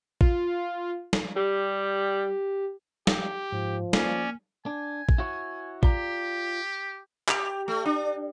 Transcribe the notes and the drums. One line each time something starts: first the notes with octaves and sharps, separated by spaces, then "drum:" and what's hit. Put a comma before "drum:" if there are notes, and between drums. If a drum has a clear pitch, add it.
F4, drum: kick
drum: snare
G3 G4
G4, drum: snare
G#2 F3
A#3 C#4 D5, drum: snare
D4 G#5
drum: kick
E4 F#4 C#5
F4 G4 D5 A#5, drum: kick
G4, drum: clap
A3
D4